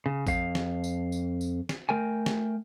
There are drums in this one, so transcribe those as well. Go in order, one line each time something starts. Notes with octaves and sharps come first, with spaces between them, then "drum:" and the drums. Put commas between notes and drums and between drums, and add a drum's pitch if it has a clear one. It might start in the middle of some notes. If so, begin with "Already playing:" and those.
C#3
F2 F5, drum: kick, tambourine
drum: snare
drum: tambourine
drum: tambourine
drum: tambourine
drum: snare
A3 A#4 G5 G#5
drum: snare